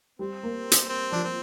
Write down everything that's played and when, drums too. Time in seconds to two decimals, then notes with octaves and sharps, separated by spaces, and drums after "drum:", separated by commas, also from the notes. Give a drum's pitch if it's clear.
0.19 G3 C4
0.43 A#3
0.72 drum: hi-hat
0.89 C4
1.12 F3 D4
1.24 C4